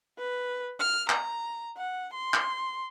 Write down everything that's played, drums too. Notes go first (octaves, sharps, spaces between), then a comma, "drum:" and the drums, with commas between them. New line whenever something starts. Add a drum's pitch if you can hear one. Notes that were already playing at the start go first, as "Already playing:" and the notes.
B4
F6
A#5, drum: clap
F#5
C6
drum: clap